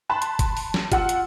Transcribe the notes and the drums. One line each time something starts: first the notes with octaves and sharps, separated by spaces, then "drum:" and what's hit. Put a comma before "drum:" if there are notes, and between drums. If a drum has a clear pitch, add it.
A5 B5 C6 F#6
drum: hi-hat
drum: kick F#1, hi-hat
drum: open hi-hat
drum: snare
F4 F#5 E6, drum: kick F#1, hi-hat
drum: hi-hat